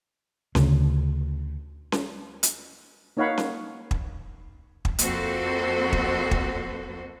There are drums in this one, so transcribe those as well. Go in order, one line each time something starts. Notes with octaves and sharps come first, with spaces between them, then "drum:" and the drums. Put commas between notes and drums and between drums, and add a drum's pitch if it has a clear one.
D2 C#3, drum: snare C#4
drum: snare C#4
drum: hi-hat
A#3 D#4 C#5 F5 F#5 B5
drum: snare C#4
drum: kick
drum: kick
F2 A#3 C4 F#4 A4 C5, drum: hi-hat
drum: kick
drum: kick